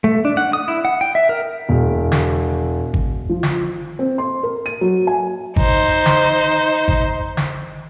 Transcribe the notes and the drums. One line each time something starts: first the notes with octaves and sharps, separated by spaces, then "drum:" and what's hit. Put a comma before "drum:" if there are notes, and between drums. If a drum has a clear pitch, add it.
A3
D4
F#5
D#6
E4
F#5
G5
E5
A#4
E1
drum: snare
drum: kick G#1
F3
drum: snare
C4
C6
A#4
D#7
F#3
G#5
D#4 C5, drum: kick G#1
drum: snare
drum: kick G#1
drum: snare